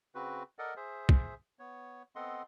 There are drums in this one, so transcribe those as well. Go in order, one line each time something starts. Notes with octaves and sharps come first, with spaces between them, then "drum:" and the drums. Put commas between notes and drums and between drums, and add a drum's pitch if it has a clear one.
C#3 C4 F#4 B4
A4 A#4 D5 D#5 F#5
G#4 C5 E5
drum: kick
B3 C#5
B3 C4 A4 D#5 F#5 C6